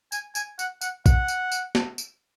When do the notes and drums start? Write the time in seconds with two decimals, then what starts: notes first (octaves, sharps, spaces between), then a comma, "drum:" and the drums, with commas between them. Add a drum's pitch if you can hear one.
0.12 G#5, drum: tambourine
0.35 G#5, drum: tambourine
0.59 F#5, drum: tambourine
0.81 F#5, drum: tambourine
1.06 F#5, drum: kick A#1, tambourine
1.28 drum: tambourine
1.52 drum: tambourine
1.75 drum: snare
1.98 drum: tambourine